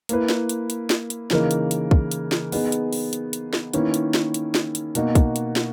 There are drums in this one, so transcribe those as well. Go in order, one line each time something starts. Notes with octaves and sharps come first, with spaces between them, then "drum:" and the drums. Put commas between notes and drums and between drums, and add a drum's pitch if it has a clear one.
A#3 E4 B4, drum: hi-hat
drum: snare
drum: hi-hat
drum: hi-hat
drum: snare
drum: hi-hat
C#3 E3 A#3 D#4 A#4, drum: snare
drum: hi-hat
drum: hi-hat
drum: kick
drum: hi-hat
drum: snare
B3 D#4 G#4, drum: open hi-hat
drum: hi-hat
drum: open hi-hat
drum: hi-hat
drum: hi-hat
drum: snare
D#3 A#3 C#4 E4 B4, drum: hi-hat
drum: hi-hat
drum: snare
drum: hi-hat
drum: snare
drum: hi-hat
B2 A#3 D#4 F#4, drum: hi-hat
drum: kick, hi-hat
drum: hi-hat
drum: snare